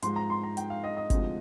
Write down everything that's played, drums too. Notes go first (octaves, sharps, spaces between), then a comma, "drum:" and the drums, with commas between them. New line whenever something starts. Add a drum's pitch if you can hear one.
G#2 F3 G#3 C6, drum: hi-hat
A#5
C6
A#5
G5, drum: hi-hat
F5
D#5
D#5
D2 C3 F3 G#3, drum: kick G1, hi-hat